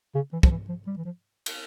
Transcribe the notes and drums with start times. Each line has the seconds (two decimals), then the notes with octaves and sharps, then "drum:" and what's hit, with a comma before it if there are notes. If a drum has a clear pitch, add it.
0.15 C#3
0.33 E3
0.43 F3, drum: kick
0.50 E3
0.69 F3
0.87 G3
0.97 E3
1.05 F3
1.46 drum: cymbal